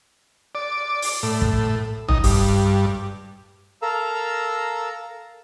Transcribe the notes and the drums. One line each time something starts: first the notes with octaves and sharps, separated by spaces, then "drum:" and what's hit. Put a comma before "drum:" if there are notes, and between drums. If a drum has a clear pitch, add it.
D5
drum: open hi-hat
A2
drum: kick
D#4, drum: tom
G2, drum: open hi-hat
A4 A#4 F5 A#5 E6